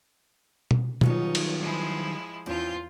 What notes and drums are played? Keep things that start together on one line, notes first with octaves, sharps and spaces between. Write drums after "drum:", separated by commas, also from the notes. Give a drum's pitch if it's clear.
drum: tom B2
D#3 F#3 G3 B3 D#4 F4 G#4 C#5, drum: tom
drum: cymbal
F3 G#3 E4
E2 F3 C4 C#4 F4 G6